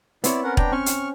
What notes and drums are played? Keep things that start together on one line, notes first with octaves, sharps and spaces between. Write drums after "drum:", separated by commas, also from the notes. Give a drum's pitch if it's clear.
B3 C4 E4 C#5 D5 E6, drum: hi-hat
C#4 A#4 F#5
D4 G5 A#5, drum: kick E1
C4 C#4 C#6 F6
drum: hi-hat